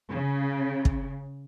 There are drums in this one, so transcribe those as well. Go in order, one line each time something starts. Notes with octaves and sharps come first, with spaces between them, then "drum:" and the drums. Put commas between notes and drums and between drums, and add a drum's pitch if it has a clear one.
C#3
drum: kick